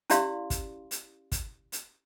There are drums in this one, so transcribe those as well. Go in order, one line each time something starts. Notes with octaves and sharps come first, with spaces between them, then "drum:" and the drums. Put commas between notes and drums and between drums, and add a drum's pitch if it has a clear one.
C#4 E4 G4 D5 F5 C6, drum: hi-hat
drum: kick, hi-hat
drum: hi-hat
drum: kick, hi-hat
drum: hi-hat